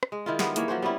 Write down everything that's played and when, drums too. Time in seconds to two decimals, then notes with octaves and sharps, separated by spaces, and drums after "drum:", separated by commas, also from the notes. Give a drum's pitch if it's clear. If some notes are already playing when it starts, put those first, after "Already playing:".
0.03 drum: rim click
0.12 G#3
0.26 D#3 E4 F4
0.39 G3 G#3 B3, drum: snare
0.56 E3 A#3 C#5, drum: hi-hat
0.68 F3 F#3 C#4 C5
0.82 G3 B3 C#4 E4